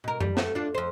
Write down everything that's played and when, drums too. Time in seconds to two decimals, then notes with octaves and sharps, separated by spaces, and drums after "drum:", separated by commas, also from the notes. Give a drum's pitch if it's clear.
0.04 B2 A#4
0.21 G3, drum: tom F#2
0.37 A3, drum: snare
0.55 D4 F4
0.74 F2 C5